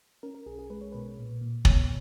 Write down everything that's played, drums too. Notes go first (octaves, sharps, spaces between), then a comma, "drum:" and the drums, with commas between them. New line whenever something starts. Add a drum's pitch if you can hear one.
C#4 A#4
A#4
B1 G#4
G#4
G#3 B4
C#5
B2 B4
A#2
A#2
B3 C#5, drum: kick